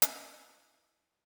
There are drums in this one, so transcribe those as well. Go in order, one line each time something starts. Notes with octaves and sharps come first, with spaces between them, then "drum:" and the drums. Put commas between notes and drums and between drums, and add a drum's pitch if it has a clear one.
E4 F5 A5 D6 D#6, drum: hi-hat